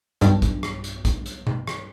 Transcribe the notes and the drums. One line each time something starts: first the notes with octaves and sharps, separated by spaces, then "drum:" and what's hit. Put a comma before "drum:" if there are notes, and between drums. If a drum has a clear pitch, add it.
B1 G2, drum: hi-hat
drum: kick, hi-hat
drum: rim click
drum: hi-hat
drum: kick, hi-hat
drum: hi-hat
drum: tom B2
drum: rim click